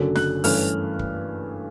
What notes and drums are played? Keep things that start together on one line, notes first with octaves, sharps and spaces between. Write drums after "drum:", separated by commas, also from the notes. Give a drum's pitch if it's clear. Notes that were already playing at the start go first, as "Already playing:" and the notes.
Already playing: F#1 F#2 D3 F#3
F#6, drum: snare
G2 E3 A3 C#4 F6, drum: open hi-hat
drum: kick